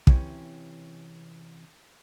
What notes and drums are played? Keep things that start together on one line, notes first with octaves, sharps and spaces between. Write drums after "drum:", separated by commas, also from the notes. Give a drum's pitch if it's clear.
C3 E3 C#4, drum: kick